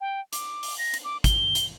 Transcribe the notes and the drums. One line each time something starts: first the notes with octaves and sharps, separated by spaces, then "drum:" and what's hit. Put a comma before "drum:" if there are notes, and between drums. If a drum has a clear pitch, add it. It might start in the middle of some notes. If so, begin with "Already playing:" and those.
G5
D6, drum: hi-hat
drum: open hi-hat
A#6
drum: hi-hat
D6
G7, drum: kick, hi-hat
drum: hi-hat